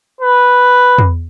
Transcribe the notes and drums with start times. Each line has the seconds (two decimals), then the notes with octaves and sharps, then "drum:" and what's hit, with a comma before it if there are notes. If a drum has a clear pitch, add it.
0.20 B4
0.98 drum: tom